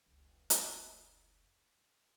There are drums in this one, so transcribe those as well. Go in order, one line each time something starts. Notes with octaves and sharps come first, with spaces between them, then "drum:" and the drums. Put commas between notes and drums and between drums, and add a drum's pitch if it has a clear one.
F1 C#2
drum: hi-hat